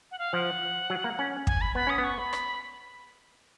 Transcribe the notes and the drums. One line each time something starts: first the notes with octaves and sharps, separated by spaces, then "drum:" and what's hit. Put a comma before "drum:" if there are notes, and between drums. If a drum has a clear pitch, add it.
F#5
F5
F3 F#5
F#3
A#3
C#4
G#5, drum: kick
B5
B3 B5
C#4 D#6
B3
C#6
B5
drum: rim click